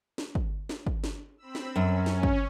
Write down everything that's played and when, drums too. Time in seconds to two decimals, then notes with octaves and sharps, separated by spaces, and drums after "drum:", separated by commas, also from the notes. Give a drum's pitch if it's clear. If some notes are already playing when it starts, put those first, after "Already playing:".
0.18 drum: snare
0.35 drum: kick
0.69 drum: snare
0.87 drum: kick
1.04 drum: snare
1.38 C4 B5 E6
1.55 drum: snare
1.76 F#2 C#4
2.06 drum: snare
2.23 drum: kick